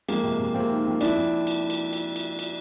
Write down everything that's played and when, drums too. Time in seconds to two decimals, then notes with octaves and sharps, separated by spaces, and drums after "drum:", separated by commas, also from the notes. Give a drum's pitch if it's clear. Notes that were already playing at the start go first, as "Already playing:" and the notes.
0.08 F2 G#3 A#3, drum: cymbal
0.24 C3
0.39 C3
0.54 C3 A#3 C4
0.70 D#3
0.85 F2
1.01 F2 D4 E4, drum: cymbal
1.16 F2
1.47 drum: cymbal
1.70 drum: cymbal
1.93 drum: cymbal
2.16 drum: cymbal
2.39 drum: cymbal